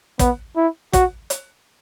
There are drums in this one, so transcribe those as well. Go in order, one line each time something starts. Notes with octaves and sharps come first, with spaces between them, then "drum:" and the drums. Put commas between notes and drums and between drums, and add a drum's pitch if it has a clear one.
B3, drum: kick, hi-hat
E4
F#4, drum: kick, hi-hat
drum: hi-hat